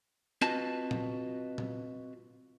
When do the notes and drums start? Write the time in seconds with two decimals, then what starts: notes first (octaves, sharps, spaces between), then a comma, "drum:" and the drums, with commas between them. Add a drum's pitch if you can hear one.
0.42 C4 F4 F#4 B4 D#5 A5, drum: hi-hat
0.91 drum: tom A#2
1.58 drum: tom A#2